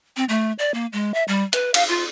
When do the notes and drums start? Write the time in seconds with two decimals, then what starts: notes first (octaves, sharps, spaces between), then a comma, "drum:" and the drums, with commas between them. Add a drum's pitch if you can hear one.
0.17 C4
0.29 A3
0.59 D5
0.74 A#3
0.93 G#3
1.14 E5
1.28 G3
1.53 B4, drum: hi-hat
1.74 F5, drum: cymbal
1.89 F4